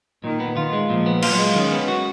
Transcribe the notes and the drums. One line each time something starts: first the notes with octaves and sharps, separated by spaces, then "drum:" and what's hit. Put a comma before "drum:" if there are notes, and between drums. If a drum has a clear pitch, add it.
A#2 D#3
B3
D#3 F4
G#3
A#2 F3
B3
F#3 F4, drum: cymbal
G#3
D#3 C#4
B3
F#4